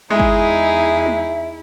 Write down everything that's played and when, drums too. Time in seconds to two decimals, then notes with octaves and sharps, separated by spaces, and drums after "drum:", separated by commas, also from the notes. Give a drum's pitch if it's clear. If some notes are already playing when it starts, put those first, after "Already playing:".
0.10 E2 G#3 D#4 E4 G#4 E5
0.19 drum: kick
1.06 drum: tom G#3